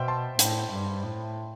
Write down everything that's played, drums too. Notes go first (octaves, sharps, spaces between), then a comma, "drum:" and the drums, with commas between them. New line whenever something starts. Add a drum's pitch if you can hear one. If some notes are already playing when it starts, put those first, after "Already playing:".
Already playing: B2 C5 E5 G5
A5 C6
A2 G5 B5, drum: hi-hat
G2
A2